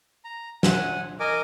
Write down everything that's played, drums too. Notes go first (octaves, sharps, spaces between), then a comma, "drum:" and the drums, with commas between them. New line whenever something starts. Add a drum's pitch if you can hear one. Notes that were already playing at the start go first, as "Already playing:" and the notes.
A#5
F#5 G#5, drum: snare
A#4 D#5 G#5 D6